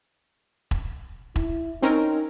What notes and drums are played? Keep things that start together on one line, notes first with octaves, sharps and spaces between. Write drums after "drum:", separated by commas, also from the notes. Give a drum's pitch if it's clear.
drum: kick E1
E4, drum: kick E1
C4 C#4 D#4 A#4